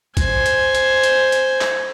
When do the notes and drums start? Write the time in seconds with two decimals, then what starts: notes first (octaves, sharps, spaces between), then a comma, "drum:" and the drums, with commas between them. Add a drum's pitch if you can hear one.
0.17 C5 G#5, drum: kick, hi-hat
0.46 drum: hi-hat
0.75 drum: hi-hat
1.03 drum: hi-hat
1.32 drum: hi-hat
1.61 drum: clap